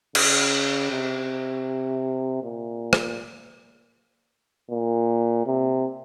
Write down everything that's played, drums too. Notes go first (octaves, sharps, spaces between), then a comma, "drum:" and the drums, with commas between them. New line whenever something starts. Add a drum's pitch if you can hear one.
C#3, drum: cymbal
C3
A#2
drum: rim click
A#2
C3